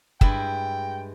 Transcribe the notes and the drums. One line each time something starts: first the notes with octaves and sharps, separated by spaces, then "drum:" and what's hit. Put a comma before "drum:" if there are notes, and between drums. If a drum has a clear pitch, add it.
G2 G#3 E4 G5, drum: kick